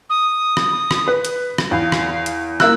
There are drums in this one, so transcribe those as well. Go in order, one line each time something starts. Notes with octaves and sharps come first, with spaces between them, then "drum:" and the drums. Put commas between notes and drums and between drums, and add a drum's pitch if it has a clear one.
D#6
drum: rim click
drum: rim click
B4
drum: hi-hat
drum: rim click
E2 F5
drum: rim click
drum: hi-hat
A#3 E4 E6 F#6, drum: rim click